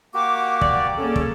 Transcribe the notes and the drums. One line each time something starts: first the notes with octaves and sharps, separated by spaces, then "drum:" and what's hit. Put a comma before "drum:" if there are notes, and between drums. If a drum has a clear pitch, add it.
A#3 F#4 G4 F#5 D6
D5, drum: kick
A#3 C#4 G#4 A4
drum: kick